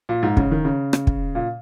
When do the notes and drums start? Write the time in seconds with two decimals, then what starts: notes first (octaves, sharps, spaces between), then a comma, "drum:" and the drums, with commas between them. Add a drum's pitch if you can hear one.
0.09 A#2
0.23 G#2
0.37 C#3, drum: kick
0.51 D#3
0.65 C#3
0.93 drum: rim click
1.07 drum: kick
1.35 A#2